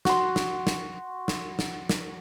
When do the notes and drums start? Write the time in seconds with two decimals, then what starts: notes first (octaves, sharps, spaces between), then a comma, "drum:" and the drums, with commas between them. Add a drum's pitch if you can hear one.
0.05 F#4 C6, drum: snare
0.36 drum: snare
0.67 drum: snare
1.28 drum: snare
1.59 drum: snare
1.89 drum: snare